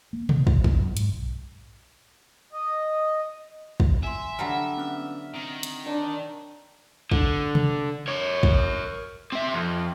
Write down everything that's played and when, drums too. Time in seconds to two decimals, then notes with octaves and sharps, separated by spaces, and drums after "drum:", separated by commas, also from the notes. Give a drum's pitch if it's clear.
0.13 A#3
0.29 B2, drum: tom C3
0.47 B2, drum: kick
0.64 F#3, drum: kick
0.79 F#2
0.97 G#2, drum: hi-hat
1.13 B1
2.52 D#5
3.80 drum: kick
4.03 E5 G#5 C6
4.39 D3 F#3 G3 F6
4.77 B3 C#4 F6
5.34 D#3 C4 A#6
5.63 drum: hi-hat
5.86 D4 A#4 C#5 A#5
7.12 D3, drum: kick
7.55 drum: tom C3
8.08 A#4 C#5
8.43 drum: kick
9.32 C4 E5
9.53 F2